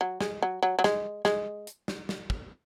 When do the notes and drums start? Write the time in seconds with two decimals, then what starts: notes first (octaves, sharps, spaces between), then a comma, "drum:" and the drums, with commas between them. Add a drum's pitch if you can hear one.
0.01 F#3
0.20 G#3, drum: snare
0.42 F#3
0.63 F#3
0.79 F#3
0.84 G#3, drum: snare
1.25 G#3, drum: snare
1.67 drum: hi-hat
1.88 drum: snare
2.09 drum: snare
2.30 drum: kick